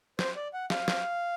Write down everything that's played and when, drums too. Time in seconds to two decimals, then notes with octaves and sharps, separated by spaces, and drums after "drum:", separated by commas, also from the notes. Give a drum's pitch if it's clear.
0.19 C5, drum: snare
0.36 D5
0.53 F#5
0.70 F5, drum: snare
0.88 drum: snare